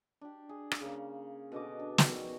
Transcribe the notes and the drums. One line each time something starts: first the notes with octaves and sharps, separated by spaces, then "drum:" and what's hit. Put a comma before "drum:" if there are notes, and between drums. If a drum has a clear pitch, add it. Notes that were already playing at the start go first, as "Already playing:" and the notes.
D4 G4
G#4
drum: rim click
C#3 A#3
B2 D3 D#5 D6
D4
D#3 F#4, drum: snare